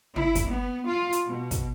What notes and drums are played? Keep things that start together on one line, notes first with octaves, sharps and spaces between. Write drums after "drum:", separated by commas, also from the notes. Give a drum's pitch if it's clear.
E4, drum: tom
drum: kick, hi-hat
B3
F4
drum: hi-hat
B2
drum: kick, hi-hat